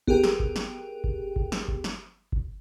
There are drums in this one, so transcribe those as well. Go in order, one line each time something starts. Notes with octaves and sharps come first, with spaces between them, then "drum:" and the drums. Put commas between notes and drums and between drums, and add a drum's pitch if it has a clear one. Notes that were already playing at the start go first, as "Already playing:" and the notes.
B3 G4 G#4 A#4 G5, drum: kick G1
drum: snare
drum: kick G1
drum: snare
drum: kick G1
drum: kick G1
drum: snare
drum: kick G1
drum: snare
drum: kick G1